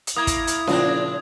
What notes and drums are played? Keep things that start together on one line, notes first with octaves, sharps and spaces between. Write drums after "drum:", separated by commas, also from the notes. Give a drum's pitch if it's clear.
drum: hi-hat
A#3 E4 D#6 G#6
drum: kick, hi-hat
drum: hi-hat
A#2 C#3 F3 C4 D4, drum: snare C#4